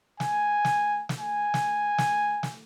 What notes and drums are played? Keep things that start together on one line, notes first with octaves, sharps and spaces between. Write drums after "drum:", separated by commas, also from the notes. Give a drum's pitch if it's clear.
G#5, drum: snare
drum: snare
drum: snare
G#5
drum: snare
drum: snare
drum: snare